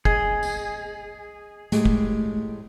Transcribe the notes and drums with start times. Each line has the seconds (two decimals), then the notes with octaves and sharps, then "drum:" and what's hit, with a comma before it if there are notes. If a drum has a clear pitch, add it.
0.05 G#4 D#5, drum: kick F1
0.43 drum: tambourine
1.72 A2 G#3 A3 G4, drum: hi-hat
1.85 drum: kick F1